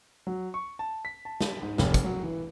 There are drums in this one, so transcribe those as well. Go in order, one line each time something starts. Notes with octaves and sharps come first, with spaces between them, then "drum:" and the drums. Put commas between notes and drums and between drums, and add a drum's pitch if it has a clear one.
F#3
C#6
A5
B6
A5
drum: snare
G#2
F1, drum: snare
drum: kick, hi-hat
F#3
E3